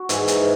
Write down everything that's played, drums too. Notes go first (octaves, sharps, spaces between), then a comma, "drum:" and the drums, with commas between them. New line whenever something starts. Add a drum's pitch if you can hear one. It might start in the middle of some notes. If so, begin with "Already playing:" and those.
Already playing: F#4
G#2 E3 G#3, drum: hi-hat
drum: hi-hat